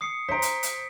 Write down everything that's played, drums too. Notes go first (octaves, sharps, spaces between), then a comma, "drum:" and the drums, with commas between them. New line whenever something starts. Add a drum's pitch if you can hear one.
D#6 C7 C#7
C5 A#5 B6 D7
drum: hi-hat
drum: hi-hat